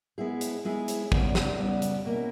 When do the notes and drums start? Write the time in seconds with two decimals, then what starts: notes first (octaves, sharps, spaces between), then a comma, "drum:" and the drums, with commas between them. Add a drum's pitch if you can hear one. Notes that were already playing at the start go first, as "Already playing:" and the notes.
0.18 G#3 B3 E4 G#4
0.41 drum: hi-hat
0.65 G#3 B3 E4 G#4
0.88 drum: hi-hat
1.12 C#3 G3 B3, drum: kick
1.35 drum: snare
1.58 C#3 G3 B3
1.82 drum: hi-hat
2.05 B2 A#3 C#4 E4